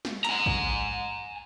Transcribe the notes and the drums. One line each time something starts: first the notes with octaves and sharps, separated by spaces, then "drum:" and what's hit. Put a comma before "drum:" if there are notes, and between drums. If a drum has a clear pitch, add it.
drum: snare
G#5 A#5, drum: hi-hat
drum: kick A1